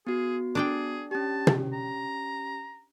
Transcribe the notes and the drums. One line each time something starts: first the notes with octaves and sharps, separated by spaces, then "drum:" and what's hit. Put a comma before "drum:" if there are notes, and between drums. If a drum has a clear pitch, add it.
B3 F#4 G#4
D4 G#4 D5 G5
C#4 G4 A5
drum: tom
A#5